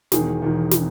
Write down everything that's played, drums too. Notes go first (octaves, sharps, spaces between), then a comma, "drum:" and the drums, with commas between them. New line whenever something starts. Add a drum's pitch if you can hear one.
E1 E2 D#3 G#4, drum: snare
E1 E2 D#3
drum: snare